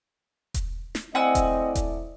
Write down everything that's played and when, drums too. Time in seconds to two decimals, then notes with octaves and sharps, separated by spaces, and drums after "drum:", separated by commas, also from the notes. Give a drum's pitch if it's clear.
0.54 drum: kick E1, hi-hat
0.95 drum: snare
1.15 A3 C4 E4 D5 D#5 F#5 G#5 E6
1.35 drum: kick E1, hi-hat
1.75 drum: kick E1, hi-hat